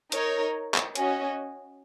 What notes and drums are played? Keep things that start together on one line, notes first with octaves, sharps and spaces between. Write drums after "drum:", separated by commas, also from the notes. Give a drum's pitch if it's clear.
D#4 A#4 C#5, drum: hi-hat
drum: clap
C#4 F#4 D#5, drum: hi-hat